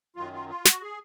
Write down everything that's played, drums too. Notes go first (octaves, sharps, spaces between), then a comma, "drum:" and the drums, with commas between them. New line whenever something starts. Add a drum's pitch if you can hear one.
F#2 D#3 F#3 F4
F4
F4
F#4, drum: snare
G#4